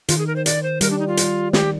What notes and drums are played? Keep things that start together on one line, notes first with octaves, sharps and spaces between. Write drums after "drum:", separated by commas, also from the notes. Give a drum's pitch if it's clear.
D#3 F4, drum: hi-hat
G#4
A#4
C5
D5, drum: hi-hat
C5
G3 A#4, drum: hi-hat
D4
D#4
F4
drum: hi-hat
D#3 G4, drum: snare